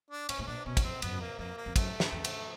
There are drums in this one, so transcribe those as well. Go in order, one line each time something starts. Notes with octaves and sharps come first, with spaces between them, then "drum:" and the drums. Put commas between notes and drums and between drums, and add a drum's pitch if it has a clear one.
D4
A2 C#4, drum: cymbal
A2 C#4
A#2 D4
B2 C#4
F#2, drum: kick, cymbal
F2 C4
F2 B3, drum: cymbal
F#2
F2
A#3
F2 A#3
A#3
F2
F#2 A3, drum: kick, cymbal
drum: snare
E2
drum: cymbal